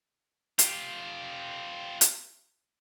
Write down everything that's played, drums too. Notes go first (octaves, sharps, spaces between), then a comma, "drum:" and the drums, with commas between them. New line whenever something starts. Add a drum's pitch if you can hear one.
F4 G4, drum: hi-hat
drum: hi-hat